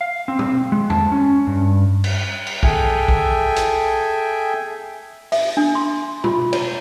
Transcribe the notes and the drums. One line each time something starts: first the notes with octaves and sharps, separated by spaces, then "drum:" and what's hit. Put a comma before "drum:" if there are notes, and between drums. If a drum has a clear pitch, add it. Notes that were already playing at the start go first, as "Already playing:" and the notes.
F5
C4
drum: tom B2
G#3
A5, drum: tom E2
C#4
G2
drum: cymbal
drum: cymbal
G#4 A4 E5 G5 G#5, drum: kick
drum: kick
drum: hi-hat
E5, drum: open hi-hat
D4
C6
F4, drum: tom B2
C#5, drum: cymbal